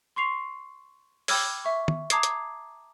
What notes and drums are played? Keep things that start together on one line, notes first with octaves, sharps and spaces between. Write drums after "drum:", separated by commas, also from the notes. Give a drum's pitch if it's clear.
C6 C#6 C7 F7
G5 B5 D6 E6 F6 G#6, drum: open hi-hat
E5 C#6
drum: tom
A5 A#5 D6 D#6 G#6 C7, drum: hi-hat
drum: hi-hat